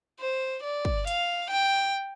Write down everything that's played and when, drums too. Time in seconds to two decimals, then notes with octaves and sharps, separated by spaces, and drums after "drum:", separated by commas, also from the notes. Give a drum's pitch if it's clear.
0.20 C5
0.63 D5
0.85 drum: kick
1.07 F5, drum: hi-hat
1.50 G5